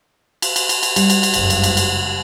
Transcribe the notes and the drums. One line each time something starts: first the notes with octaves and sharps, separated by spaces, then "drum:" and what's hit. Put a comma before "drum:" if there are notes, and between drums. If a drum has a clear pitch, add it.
drum: cymbal
drum: cymbal
drum: cymbal
drum: cymbal
G3, drum: cymbal
drum: cymbal
drum: cymbal
F#1 C#2 G2, drum: cymbal
drum: cymbal
drum: cymbal
drum: cymbal